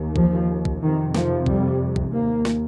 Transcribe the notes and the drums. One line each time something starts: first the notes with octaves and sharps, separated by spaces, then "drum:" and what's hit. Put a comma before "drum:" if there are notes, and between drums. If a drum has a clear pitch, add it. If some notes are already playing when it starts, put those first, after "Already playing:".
Already playing: D#2
F3, drum: kick
drum: kick
F2 C3 D#3
F3, drum: snare
G3, drum: kick
drum: kick
D#2 A#3
drum: snare